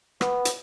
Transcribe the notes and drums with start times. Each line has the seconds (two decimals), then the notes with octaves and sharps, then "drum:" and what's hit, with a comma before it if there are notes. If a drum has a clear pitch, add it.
0.21 B3, drum: rim click
0.45 drum: hi-hat